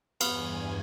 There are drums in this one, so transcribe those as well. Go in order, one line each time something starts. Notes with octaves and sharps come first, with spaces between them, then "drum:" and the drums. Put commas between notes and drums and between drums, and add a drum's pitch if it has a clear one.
E2 G2 B3 F5 G#5, drum: cymbal